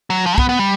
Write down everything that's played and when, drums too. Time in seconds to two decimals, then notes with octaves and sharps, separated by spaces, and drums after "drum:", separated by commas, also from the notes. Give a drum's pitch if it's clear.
0.10 F#3
0.26 F3
0.38 B3, drum: kick
0.49 B3
0.59 G3